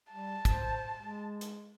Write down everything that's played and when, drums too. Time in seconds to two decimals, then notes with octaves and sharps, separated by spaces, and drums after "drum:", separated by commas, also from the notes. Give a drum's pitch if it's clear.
0.13 G3 A5
0.45 C5, drum: kick, hi-hat
0.99 G#3
1.41 drum: hi-hat